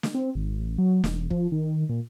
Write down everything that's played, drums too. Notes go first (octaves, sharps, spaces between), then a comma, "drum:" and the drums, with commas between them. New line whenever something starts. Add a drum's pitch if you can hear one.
drum: snare
C4
G#1
A1
F#3
E1, drum: snare
F3, drum: kick
D#3
A#2